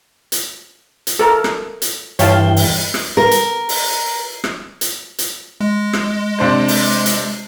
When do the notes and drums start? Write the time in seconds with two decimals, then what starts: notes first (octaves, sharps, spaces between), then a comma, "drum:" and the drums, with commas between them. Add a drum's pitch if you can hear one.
0.32 drum: hi-hat
1.07 drum: hi-hat
1.19 A4 A#4
1.44 drum: rim click
1.82 drum: hi-hat
2.19 G2 E3 C#5 F5 G5 A5, drum: hi-hat
2.56 drum: open hi-hat
2.94 drum: rim click
3.17 A#4
3.31 drum: hi-hat
3.69 drum: open hi-hat
4.44 drum: rim click
4.81 drum: hi-hat
5.19 drum: hi-hat
5.61 G#3
5.93 drum: rim click
6.39 C3 D4 C5
6.68 drum: open hi-hat
7.06 drum: hi-hat